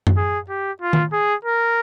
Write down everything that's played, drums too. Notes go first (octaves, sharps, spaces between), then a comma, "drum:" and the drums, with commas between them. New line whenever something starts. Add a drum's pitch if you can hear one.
drum: tom F#2
G#4
G4
F4
drum: tom D#3
G#4
A#4